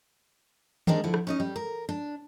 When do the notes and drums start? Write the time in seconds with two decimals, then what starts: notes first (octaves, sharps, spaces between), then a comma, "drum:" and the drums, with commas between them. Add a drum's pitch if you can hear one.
0.87 D#3 G3 G#3 C4 D4 A#4, drum: tom D#3
1.04 D3 F3 E4
1.14 drum: rim click
1.27 C#4 D#4 D#5
1.40 G3
1.56 A#4
1.89 D4